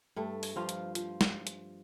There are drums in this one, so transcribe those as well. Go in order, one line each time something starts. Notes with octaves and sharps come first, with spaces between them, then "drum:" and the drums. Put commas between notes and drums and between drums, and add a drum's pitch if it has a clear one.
G2 A3
drum: open hi-hat
G2 F3 F4
drum: hi-hat
F3, drum: hi-hat
drum: snare
drum: hi-hat